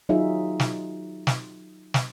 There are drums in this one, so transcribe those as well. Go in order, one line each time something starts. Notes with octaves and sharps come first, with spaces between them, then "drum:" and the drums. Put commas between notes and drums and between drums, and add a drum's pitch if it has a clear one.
F#3 D#4 F4 G#4 E5
drum: snare
drum: snare
drum: snare